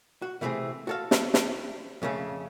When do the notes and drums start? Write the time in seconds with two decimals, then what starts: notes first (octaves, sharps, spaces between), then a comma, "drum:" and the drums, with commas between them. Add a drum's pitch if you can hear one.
0.22 F#4
0.41 C3 E3 A3 C4 G#4
0.87 F#4 A4 F5
1.11 drum: snare
1.34 drum: snare
2.02 F2 C#3 A3 B3 C#4